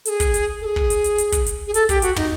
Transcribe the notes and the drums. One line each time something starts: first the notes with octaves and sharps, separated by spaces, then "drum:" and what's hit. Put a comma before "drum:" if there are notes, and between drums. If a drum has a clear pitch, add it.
A4, drum: hi-hat
G#4
drum: kick, hi-hat
drum: hi-hat
A4
G#4
drum: kick
drum: hi-hat
drum: hi-hat
drum: hi-hat
drum: kick, hi-hat
drum: hi-hat
G#4
A4, drum: hi-hat
G4, drum: kick, hi-hat
F#4, drum: hi-hat
D#4, drum: tom